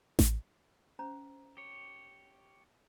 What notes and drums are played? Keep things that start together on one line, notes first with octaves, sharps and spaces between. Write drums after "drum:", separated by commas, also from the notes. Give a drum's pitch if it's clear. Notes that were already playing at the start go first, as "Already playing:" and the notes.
drum: snare A1
C#4 C5 A#5
G4 C#5